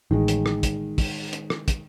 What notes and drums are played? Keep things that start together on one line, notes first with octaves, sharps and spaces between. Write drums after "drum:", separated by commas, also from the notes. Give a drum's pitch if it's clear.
A1 D#3 G#3
drum: hi-hat
drum: rim click
drum: kick, hi-hat
drum: kick, open hi-hat
drum: hi-hat
drum: rim click
drum: kick, hi-hat